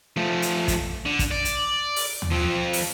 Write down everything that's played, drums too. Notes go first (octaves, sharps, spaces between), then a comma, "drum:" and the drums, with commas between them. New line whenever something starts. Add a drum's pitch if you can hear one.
F3 A3
drum: hi-hat
drum: kick, hi-hat
D3
drum: kick, hi-hat
D5
drum: hi-hat
drum: open hi-hat
drum: tom
F3 C4
drum: open hi-hat